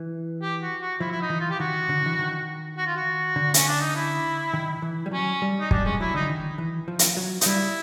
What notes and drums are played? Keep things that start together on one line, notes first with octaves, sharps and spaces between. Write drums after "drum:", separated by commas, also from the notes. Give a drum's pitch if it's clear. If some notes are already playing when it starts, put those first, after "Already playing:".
Already playing: E3
G4
F#4
F#4
F3 E4
E4
D#4
E3
F4
G4
D#3 F#4
D3
E3
D#3
F#4
F4
F#4
D3
C#4, drum: hi-hat
D4
D#4
E4
D#3
E3
G3
F#3 C#4
G3
D#4
G3 D4, drum: kick
G#3 C#4
F#3 E4
D3 D#4
D#3
E3
F3
drum: hi-hat
F#3
D#4, drum: hi-hat
G3 E4